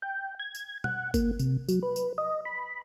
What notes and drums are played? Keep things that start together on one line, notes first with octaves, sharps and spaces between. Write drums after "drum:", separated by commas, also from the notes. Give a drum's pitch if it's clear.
G5
G#6
drum: tambourine
F#5, drum: tom B2
A#3, drum: kick G1, tambourine
C3, drum: tambourine
F#3, drum: tambourine
B4
drum: tambourine
D#5
B5